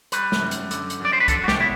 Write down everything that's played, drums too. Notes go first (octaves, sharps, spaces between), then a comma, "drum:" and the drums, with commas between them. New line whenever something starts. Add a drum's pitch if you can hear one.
G3 B4, drum: hi-hat
drum: snare
F#2
drum: hi-hat
D3, drum: hi-hat
drum: hi-hat
F#2 D5
C5
B4
D4 A4, drum: kick, hi-hat
F#4
G4, drum: snare
B2 E4